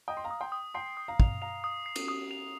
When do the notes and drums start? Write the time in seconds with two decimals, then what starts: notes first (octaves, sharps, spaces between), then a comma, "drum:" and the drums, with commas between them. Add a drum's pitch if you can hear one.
0.08 D#5 G5 D#6
0.17 C6
0.24 F5 A#5
0.31 D#6
0.41 G5 C6
0.52 D#6
0.74 G5 C6 C7
0.97 D#6
1.08 F5 A#5
1.20 F7, drum: kick
1.42 F5 A#5 F7
1.64 D#6
1.86 C7
1.96 drum: cymbal
2.08 D#6
2.31 F7